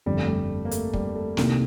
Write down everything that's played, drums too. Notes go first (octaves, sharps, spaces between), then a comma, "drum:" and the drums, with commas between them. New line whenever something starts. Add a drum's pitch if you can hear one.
G1 F2 D3 G3
A3
G3
A#3
A3, drum: hi-hat
G3, drum: kick
A3
C2 C3 D#3 A#3, drum: snare